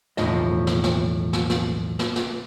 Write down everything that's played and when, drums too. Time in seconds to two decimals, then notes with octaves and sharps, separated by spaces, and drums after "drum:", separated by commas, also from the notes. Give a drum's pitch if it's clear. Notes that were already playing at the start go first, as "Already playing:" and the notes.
0.17 B1 E2 A2 F3 D#5, drum: snare
0.67 drum: snare
0.83 drum: snare
1.33 drum: snare
1.50 drum: snare
1.99 drum: snare
2.16 drum: snare